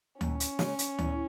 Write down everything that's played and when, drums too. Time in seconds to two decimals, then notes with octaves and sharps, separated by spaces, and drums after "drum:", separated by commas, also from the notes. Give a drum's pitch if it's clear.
0.21 D#2 C#4, drum: tom D2
0.40 drum: hi-hat
0.59 C#3 G#3, drum: snare
0.79 drum: hi-hat
0.99 E2, drum: tom D2